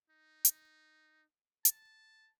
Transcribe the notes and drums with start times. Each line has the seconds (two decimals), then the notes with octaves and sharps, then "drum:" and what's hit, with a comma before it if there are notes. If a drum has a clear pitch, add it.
0.10 D#4
0.45 drum: hi-hat
1.65 A5, drum: hi-hat